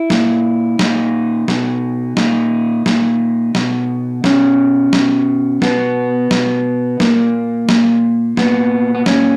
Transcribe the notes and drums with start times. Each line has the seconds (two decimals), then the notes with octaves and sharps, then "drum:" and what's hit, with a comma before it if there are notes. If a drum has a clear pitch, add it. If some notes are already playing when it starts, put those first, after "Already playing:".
Already playing: E4
0.10 A#2, drum: snare
0.79 A#2 D#4, drum: snare
1.48 B2, drum: snare
2.17 A#2 D#4, drum: snare
2.86 A#2, drum: snare
3.55 B2, drum: snare
4.24 B2 C#4, drum: snare
4.93 B2, drum: snare
5.62 B2 B3, drum: snare
6.31 B2, drum: snare
7.00 A#2 A#3, drum: snare
7.69 A#2, drum: snare
8.37 A#2 B3, drum: snare
8.95 B3
9.06 A#2 C#4, drum: snare